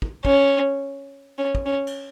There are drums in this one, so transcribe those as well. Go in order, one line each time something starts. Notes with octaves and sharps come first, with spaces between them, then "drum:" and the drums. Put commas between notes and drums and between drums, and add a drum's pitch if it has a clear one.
drum: kick
C#4, drum: kick
C#4
drum: kick
C#4
drum: cymbal